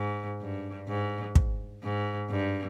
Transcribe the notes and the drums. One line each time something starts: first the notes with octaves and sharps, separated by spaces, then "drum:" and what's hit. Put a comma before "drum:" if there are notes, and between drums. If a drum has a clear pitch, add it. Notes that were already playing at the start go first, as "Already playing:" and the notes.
Already playing: G#2
G2
G#2
drum: kick
G#2
G2